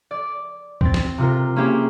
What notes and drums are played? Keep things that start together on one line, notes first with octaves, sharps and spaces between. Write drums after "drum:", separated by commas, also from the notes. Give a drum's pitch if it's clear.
D5
C4 A6, drum: kick
drum: snare
C3 F4 A#4
A#3 C#4 E4 F4 G4 G#4